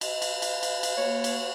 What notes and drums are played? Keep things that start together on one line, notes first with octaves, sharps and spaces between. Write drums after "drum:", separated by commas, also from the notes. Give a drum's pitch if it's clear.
D#5, drum: cymbal
drum: cymbal
drum: cymbal
drum: cymbal
drum: cymbal
A#3 C#5
drum: cymbal